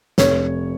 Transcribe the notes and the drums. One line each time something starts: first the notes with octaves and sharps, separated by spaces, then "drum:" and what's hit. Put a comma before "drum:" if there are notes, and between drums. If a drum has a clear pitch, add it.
F1 C#5, drum: snare